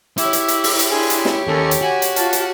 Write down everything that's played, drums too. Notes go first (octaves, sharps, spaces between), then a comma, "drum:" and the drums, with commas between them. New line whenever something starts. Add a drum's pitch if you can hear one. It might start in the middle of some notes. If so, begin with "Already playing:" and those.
E4 G4 C#5 D6 E6, drum: hi-hat
drum: hi-hat
drum: hi-hat
drum: open hi-hat
drum: hi-hat
D4 G#4 C6
drum: hi-hat
drum: snare
D#2 C#4 A4 A#4
drum: hi-hat
F#4 G#5 B5
drum: hi-hat
F4 A5 F6, drum: hi-hat
drum: hi-hat